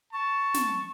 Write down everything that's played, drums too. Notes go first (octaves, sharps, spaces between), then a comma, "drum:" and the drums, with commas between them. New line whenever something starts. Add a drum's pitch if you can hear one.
A5 C#6
drum: snare